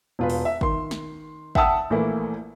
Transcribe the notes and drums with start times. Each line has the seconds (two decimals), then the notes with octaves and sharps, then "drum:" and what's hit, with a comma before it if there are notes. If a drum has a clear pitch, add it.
0.19 E1 F4 B4
0.30 drum: open hi-hat
0.45 E5
0.61 D#3 C6, drum: kick
0.91 drum: snare
1.55 E5 F#5 G5 A5 D#6 E6, drum: kick
1.90 A#1 E3 A3 A#3 E4